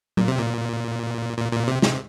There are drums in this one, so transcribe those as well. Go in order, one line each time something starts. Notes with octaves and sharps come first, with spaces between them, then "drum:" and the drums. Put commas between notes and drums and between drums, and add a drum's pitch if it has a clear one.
A#2, drum: tom F#3
C3
A#2
A#2
A#2
C3
C3, drum: snare